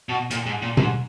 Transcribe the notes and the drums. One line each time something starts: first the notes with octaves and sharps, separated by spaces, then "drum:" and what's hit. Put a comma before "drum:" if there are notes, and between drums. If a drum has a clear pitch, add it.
B2
A#2, drum: hi-hat
G#2
A#2
G#2, drum: tom B2